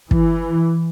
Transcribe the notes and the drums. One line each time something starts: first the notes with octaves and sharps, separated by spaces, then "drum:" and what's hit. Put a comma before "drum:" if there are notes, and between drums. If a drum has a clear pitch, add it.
E3, drum: kick